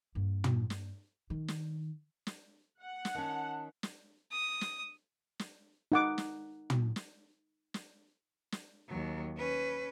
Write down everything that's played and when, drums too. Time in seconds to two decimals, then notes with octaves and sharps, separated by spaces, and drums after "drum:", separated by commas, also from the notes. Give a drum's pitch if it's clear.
0.15 G2 A#3
0.44 drum: tom
0.70 drum: snare
1.30 D#3
1.48 drum: snare
2.27 drum: snare
2.80 F#5
3.05 drum: snare
3.15 D#3 C#4 A5
3.83 drum: snare
4.32 D#6
4.61 drum: snare
5.39 drum: snare
5.92 D#4 F#5 D6
6.18 drum: snare
6.70 drum: tom
6.96 drum: snare
7.74 drum: snare
8.52 drum: snare
8.88 D#2 F#3
9.36 C#4 B4